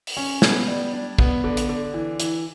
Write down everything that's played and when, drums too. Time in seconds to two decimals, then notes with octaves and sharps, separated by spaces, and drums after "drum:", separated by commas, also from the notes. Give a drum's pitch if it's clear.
0.07 drum: open hi-hat
0.17 C#4
0.42 B3 G#6, drum: snare
0.68 G3
0.93 D4
1.18 B3, drum: kick
1.44 D3
1.57 drum: hi-hat
1.69 D3
1.94 E3
2.20 E3, drum: hi-hat